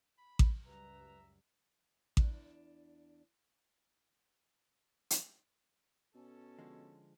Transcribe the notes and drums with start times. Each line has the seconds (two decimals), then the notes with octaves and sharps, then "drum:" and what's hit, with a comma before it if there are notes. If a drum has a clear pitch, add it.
0.18 B5
0.39 drum: kick A1
0.66 C#2 F#2 G3 B4 E5 A#5
2.17 E2 D4, drum: kick A1
5.10 drum: hi-hat
6.15 B2 C#4 A4
6.59 D3 F3 G#3